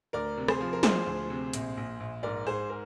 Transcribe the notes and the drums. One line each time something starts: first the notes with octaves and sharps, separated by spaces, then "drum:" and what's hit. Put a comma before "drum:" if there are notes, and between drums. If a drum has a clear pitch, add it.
D2 A#4 D5
C3
G#4 C5, drum: rim click
F3
A#4
F3 G#4 C5, drum: snare
D2
C3
A#1, drum: hi-hat
A#1
A#1
G#2 A#4 D5
G#2 G#4 C5
A#4